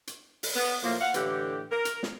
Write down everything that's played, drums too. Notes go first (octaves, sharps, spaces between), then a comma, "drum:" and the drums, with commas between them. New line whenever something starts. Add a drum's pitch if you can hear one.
drum: hi-hat
drum: open hi-hat
B3
A2 F3 A#3
F5 F#5
A2 D3 E3 G4, drum: hi-hat
A#4
drum: hi-hat
drum: snare